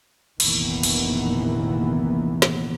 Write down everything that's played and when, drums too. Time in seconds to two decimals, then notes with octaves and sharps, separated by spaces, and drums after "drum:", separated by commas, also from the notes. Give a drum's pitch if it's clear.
0.40 F1 A#1 D#3 E3 A#3 B3, drum: cymbal
0.83 drum: cymbal
2.42 drum: snare